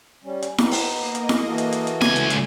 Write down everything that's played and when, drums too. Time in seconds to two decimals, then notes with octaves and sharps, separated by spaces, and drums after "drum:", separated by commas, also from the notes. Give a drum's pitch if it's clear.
0.24 G3 C#4
0.42 drum: hi-hat
0.58 B3 D#4, drum: snare E4
0.71 drum: open hi-hat
0.93 A#3 D#5
1.15 drum: hi-hat
1.29 drum: snare E4
1.47 E3 F#4 A4
1.58 drum: hi-hat
1.72 drum: hi-hat
1.87 drum: hi-hat
2.01 C#2 A3 G#5, drum: snare E4
2.16 drum: hi-hat
2.30 drum: hi-hat